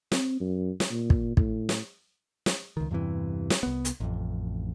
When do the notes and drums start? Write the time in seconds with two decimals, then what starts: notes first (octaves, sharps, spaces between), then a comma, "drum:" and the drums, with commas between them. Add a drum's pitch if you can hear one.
0.12 C4, drum: snare
0.40 F#2
0.80 drum: snare
0.90 A#2
1.10 drum: kick
1.37 A2, drum: kick
1.69 drum: snare
2.46 drum: snare
2.77 C#2 D#3
2.91 E2 G2 C3 E3
3.50 drum: snare
3.63 C2 B3
3.85 drum: hi-hat
4.00 A1 F2